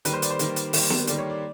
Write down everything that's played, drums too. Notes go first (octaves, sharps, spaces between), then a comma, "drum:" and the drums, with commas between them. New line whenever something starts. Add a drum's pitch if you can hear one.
D#3 G3 A#3 B4, drum: hi-hat
C5
D5, drum: hi-hat
C5
D#3 G3 A#3, drum: hi-hat
drum: hi-hat
D#3 G3 A#3, drum: open hi-hat
drum: snare B3
D#3 G3 A#3 D5, drum: hi-hat
C#5
D5